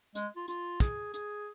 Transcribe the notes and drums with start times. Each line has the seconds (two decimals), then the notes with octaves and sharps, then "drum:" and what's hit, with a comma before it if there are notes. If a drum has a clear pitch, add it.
0.15 G#3, drum: hi-hat
0.36 F4
0.48 F4, drum: hi-hat
0.80 G#4, drum: kick, hi-hat
1.14 G#4, drum: hi-hat